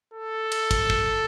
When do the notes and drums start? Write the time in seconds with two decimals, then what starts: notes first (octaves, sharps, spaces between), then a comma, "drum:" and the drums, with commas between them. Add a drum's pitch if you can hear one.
0.14 A4
0.52 drum: cymbal
0.71 drum: kick, cymbal
0.90 drum: kick